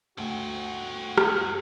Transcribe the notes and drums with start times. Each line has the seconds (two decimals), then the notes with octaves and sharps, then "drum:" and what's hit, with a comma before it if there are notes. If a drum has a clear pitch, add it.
0.18 D2 F#4 A4 G5
1.18 drum: rim click